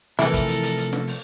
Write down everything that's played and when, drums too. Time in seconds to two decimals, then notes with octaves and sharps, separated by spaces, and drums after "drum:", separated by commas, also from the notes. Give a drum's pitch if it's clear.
0.19 C3 E3 F3 A3 E4 A4 A#4, drum: hi-hat
0.33 drum: kick, hi-hat
0.48 drum: hi-hat
0.63 drum: hi-hat
0.78 drum: hi-hat
0.93 drum: snare
1.07 drum: open hi-hat